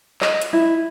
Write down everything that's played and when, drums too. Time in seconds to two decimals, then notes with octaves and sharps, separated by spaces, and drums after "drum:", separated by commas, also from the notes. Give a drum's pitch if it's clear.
0.21 D#5, drum: clap
0.42 drum: hi-hat
0.53 E4